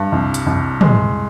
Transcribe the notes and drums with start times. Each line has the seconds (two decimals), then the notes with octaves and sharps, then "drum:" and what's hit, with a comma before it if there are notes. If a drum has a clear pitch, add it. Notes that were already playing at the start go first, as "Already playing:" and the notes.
Already playing: G2
0.12 C2
0.34 drum: hi-hat
0.46 C2
0.81 G#3, drum: tom